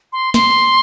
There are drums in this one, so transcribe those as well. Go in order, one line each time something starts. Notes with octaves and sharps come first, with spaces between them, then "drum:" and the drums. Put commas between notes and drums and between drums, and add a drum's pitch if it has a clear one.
C6
C6, drum: snare